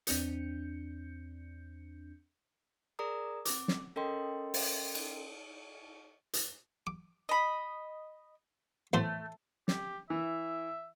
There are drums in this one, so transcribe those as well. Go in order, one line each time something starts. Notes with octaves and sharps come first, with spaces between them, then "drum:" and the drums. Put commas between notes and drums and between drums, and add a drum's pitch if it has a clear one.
E2 C4 D4 G6 C#7, drum: hi-hat
G#4 A#4 D5 A#5 D#6
C4 D6, drum: hi-hat
drum: snare
C#4 A4 A#4 D#5 G5 C6
drum: open hi-hat
drum: cymbal
drum: hi-hat
D6
D#5 B5
E2 A2 A3 C5
G4, drum: snare
E3 E5